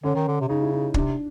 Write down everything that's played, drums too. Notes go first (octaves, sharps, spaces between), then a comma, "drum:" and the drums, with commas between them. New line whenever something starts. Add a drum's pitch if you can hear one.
D3 C#4
D#3
D3
C3
C#3 D#4
E4
D#4
C3 D4, drum: kick